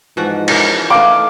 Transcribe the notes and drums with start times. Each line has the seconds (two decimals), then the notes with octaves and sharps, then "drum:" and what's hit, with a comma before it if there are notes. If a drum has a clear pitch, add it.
0.17 G#2 E3 F3 F#4
0.48 C#4 A#4, drum: cymbal
0.90 E3 A3 D4 D#4 F5 D6